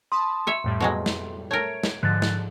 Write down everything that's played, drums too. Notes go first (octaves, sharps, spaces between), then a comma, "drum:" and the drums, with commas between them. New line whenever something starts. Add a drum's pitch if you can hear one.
A5 B5 C6 D#6
C#5 E5
F2 A2 G3
B2 F#3 G#3
drum: snare
A3 A#4 C#5 G#6 D7
drum: snare
G#2 D3 F3 F#6 A6
drum: snare